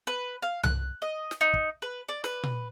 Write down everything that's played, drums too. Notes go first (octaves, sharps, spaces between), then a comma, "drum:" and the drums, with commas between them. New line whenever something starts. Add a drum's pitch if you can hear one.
B4
F5
F#6, drum: tom C2
D#5
drum: snare
D#4
drum: kick
B4
D5
B4, drum: snare
drum: tom A#2